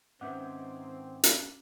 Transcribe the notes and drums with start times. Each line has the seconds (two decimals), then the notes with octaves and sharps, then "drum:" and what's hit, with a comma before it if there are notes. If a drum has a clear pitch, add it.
0.21 G#2 D#3 C4 C#4 B4 E5 F#5 D6
1.24 drum: hi-hat